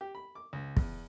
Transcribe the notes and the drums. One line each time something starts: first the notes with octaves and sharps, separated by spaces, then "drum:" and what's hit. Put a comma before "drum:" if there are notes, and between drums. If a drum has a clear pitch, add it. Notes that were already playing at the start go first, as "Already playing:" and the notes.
G4
B5
D6
C#2
E2, drum: kick